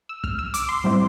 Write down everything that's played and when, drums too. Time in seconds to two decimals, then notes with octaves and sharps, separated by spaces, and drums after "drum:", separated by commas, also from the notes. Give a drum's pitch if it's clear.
0.09 E6
0.24 F6, drum: kick
0.39 E6
0.54 D6, drum: hi-hat
0.69 C6
0.84 A2 G3 C4 E4